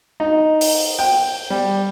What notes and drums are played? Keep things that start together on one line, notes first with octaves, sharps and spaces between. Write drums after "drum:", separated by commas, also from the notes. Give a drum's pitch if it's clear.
D#4
drum: open hi-hat
G5
G3